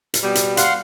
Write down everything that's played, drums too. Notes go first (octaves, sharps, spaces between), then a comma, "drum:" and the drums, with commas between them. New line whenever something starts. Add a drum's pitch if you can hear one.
drum: hi-hat
B2 G3
drum: hi-hat
F5 F#5 C6, drum: hi-hat